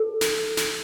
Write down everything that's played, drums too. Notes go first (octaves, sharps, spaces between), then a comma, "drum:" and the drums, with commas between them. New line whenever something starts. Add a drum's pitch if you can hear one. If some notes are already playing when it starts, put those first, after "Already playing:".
Already playing: A4
drum: snare
drum: snare